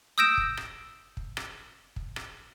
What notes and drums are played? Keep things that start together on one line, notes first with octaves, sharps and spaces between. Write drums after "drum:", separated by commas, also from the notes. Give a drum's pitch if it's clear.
D#6 E6 G6 A#6 D7 E7
drum: kick
drum: rim click
drum: kick
drum: rim click
drum: kick
drum: rim click